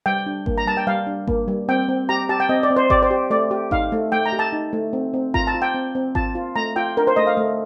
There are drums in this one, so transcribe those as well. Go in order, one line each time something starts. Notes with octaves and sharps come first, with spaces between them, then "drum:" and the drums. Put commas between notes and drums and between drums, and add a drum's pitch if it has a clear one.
G3 G5
D4
A#3, drum: kick G#1
A#5
G3 A5
G5
G3 F5
D4
A#3, drum: kick G#1
G3
C4 G5
C4
G4 A#5
G4 A5
G5
C4 D#5
D5
C4
C5
G4 D5, drum: kick G#1
C5
G4
A3 D5
G4
D#4 F5, drum: kick G#1
A3
A3 G5
A#5
G4
A5
D#4
A3
C4
C4
F4 A#5, drum: kick G#1
A5
F4
G5
C4
C4
F4 A5, drum: kick G#1
F4
A3 A#5
F4 G5
D4 A#4
C5
A3 D#5
F5
A3